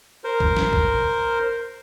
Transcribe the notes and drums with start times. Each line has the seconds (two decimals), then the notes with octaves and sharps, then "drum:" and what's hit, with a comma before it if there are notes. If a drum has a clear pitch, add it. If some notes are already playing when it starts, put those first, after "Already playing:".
0.24 A#4 C5
0.40 drum: kick A1
0.57 drum: snare
0.73 drum: kick A1